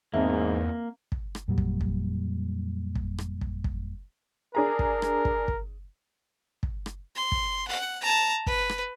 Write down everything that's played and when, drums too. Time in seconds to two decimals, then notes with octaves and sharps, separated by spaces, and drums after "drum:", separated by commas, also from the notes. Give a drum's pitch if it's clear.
0.14 E2 G#2 A#3 C4 E5
1.12 drum: kick
1.35 drum: rim click
1.48 F2 A#2 F#3 G3
1.58 drum: kick
1.81 drum: kick
2.95 drum: kick
3.18 drum: rim click
3.41 drum: kick
3.64 drum: kick
4.55 D4 G#4 A#4 A#5
4.79 drum: kick
5.02 drum: rim click
5.25 drum: kick
5.48 drum: kick
6.63 drum: kick
6.86 drum: rim click
7.15 C6
7.32 drum: kick
7.68 F#5
8.01 A5 A#5
8.47 B4, drum: kick
8.69 drum: rim click